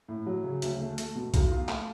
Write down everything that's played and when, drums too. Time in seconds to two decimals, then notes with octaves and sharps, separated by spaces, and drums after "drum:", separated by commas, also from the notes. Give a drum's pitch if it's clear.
0.08 A2
0.26 F#3
0.44 C#3
0.62 D2, drum: hi-hat
0.80 A3
0.98 A3, drum: hi-hat
1.15 B2
1.34 B1, drum: kick, hi-hat
1.51 F4
1.69 A3, drum: clap